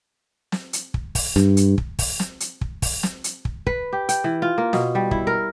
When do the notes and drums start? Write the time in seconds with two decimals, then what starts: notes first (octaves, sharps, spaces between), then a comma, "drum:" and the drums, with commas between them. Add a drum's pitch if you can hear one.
0.52 drum: snare
0.73 drum: hi-hat
0.94 drum: kick
1.15 drum: kick, open hi-hat
1.36 G2, drum: snare
1.57 drum: hi-hat
1.78 drum: kick
1.99 drum: kick, open hi-hat
2.20 drum: snare
2.40 drum: hi-hat
2.61 drum: kick
2.82 drum: kick, open hi-hat
3.03 drum: snare
3.24 drum: hi-hat
3.45 drum: kick
3.67 B4, drum: kick
3.93 G4
4.09 G5, drum: hi-hat
4.24 E3
4.42 F4
4.58 A#3
4.73 B2, drum: snare
4.95 G3
5.11 E4, drum: kick
5.27 A#4